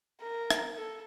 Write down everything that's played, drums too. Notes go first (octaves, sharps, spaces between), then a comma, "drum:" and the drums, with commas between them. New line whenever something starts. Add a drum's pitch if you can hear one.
A#4
drum: rim click
A4